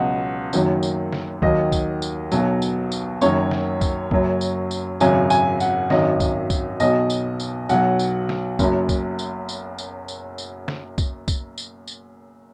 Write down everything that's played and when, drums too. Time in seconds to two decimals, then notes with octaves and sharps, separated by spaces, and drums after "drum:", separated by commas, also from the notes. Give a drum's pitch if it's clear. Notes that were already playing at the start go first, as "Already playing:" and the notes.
Already playing: C#2 B2 F#3 D#5 F#5
0.53 F#1 F#2 D#3 F#3, drum: tambourine
0.83 drum: tambourine
1.13 drum: snare
1.42 D#2 D#3 F#3 D#5, drum: kick
1.72 drum: kick, tambourine
2.02 drum: tambourine
2.32 B1 B2 F#3, drum: tambourine
2.62 drum: tambourine
2.92 drum: tambourine
3.21 F#1 F#2 D#3 F#3 C#5, drum: tambourine
3.51 drum: snare
3.81 drum: kick, tambourine
4.11 F#1 F#2 F#3, drum: kick
4.41 drum: tambourine
4.71 drum: tambourine
5.00 G#1 F#2 C#3 F#3 G#5, drum: tambourine
5.30 G#5, drum: tambourine
5.60 F#5, drum: tambourine
5.90 G#1 F#2 D#3 F#3 D#5, drum: snare
6.20 drum: kick, tambourine
6.50 drum: kick, tambourine
6.80 B1 B2 F#3 D#5, drum: tambourine
7.10 drum: tambourine
7.40 drum: tambourine
7.69 B1 B2 F#3 F#5, drum: tambourine
7.99 drum: tambourine
8.29 drum: snare
8.59 F#1 F#2 F#3, drum: kick, tambourine
8.89 drum: kick, tambourine
9.19 drum: tambourine
9.49 drum: tambourine
9.78 drum: tambourine
10.08 drum: tambourine
10.38 drum: tambourine
10.68 drum: snare
10.98 drum: kick, tambourine
11.28 drum: kick, tambourine
11.58 drum: tambourine
11.87 drum: tambourine